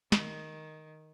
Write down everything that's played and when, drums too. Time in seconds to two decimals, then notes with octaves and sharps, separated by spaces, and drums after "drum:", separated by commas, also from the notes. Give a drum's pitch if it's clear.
0.12 D#3, drum: snare